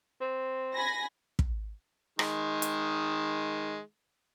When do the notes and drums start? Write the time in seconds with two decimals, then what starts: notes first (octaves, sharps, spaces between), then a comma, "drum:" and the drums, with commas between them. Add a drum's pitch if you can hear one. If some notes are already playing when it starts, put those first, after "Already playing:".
0.21 C4
0.74 G#5 B5 A#6
1.39 drum: kick
2.19 D#3 G#3, drum: rim click
2.62 drum: hi-hat